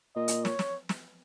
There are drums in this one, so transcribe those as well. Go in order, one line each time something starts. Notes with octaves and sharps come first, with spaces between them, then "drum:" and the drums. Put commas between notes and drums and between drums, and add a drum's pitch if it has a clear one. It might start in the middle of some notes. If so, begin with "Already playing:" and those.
A#2 D#5
drum: hi-hat
C#5, drum: snare
drum: snare
drum: snare